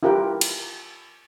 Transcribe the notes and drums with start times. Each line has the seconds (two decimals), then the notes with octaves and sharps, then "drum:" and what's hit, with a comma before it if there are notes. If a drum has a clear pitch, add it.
0.03 E4 F4 G4 A#4 F#5 G5
0.41 drum: cymbal